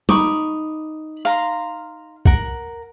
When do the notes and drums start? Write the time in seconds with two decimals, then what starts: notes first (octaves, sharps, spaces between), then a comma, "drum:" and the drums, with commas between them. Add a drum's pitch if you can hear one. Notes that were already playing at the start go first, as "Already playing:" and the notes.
0.09 D#4 B5 C#6 D6, drum: tom G3
1.25 F5 A#5 C6
2.25 A#4 F#5, drum: kick